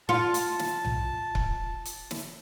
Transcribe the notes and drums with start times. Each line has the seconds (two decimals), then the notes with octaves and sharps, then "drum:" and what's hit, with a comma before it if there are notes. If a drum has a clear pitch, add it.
0.09 F4 A5
0.34 drum: hi-hat
0.59 drum: snare
0.85 drum: tom B1
1.35 drum: kick C#1
1.85 drum: hi-hat
2.11 drum: snare